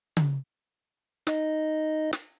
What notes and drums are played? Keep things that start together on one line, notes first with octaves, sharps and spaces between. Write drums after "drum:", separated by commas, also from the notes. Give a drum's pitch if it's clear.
drum: tom C#3
D#4 D#5, drum: snare
drum: snare